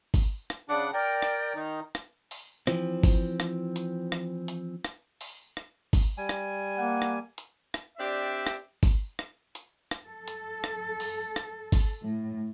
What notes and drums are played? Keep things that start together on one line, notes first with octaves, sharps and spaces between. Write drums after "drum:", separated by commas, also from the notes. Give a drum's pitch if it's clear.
drum: kick G#1, open hi-hat
drum: rim click
C#3 D4 F#5 D6
A#4 D5 G5
drum: rim click
D#3 D#4
drum: rim click
drum: open hi-hat
E3 F3 C4, drum: rim click
drum: kick G#1, open hi-hat
drum: rim click
drum: hi-hat
drum: rim click
drum: hi-hat
drum: rim click
drum: open hi-hat
drum: rim click
drum: kick G#1, open hi-hat
G3 G#5
drum: rim click
A#3 F#5
drum: rim click
drum: hi-hat
drum: rim click
C4 D4 G4 D5 E5
drum: rim click
drum: kick G#1, open hi-hat
drum: rim click
drum: hi-hat
drum: rim click
A4
drum: hi-hat
drum: rim click
drum: open hi-hat
drum: rim click
drum: kick G#1, open hi-hat
A2